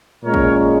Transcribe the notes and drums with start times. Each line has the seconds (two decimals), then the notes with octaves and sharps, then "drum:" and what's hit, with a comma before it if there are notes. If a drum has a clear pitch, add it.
0.25 A#2 G#3 C#4 A#4 C#5
0.34 drum: kick